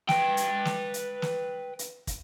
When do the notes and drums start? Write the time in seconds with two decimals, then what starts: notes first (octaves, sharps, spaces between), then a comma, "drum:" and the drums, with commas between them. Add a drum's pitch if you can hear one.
0.09 B4 G5, drum: snare
0.37 drum: hi-hat
0.65 drum: snare
0.94 drum: hi-hat
1.22 drum: snare
1.79 drum: hi-hat
2.07 drum: kick, hi-hat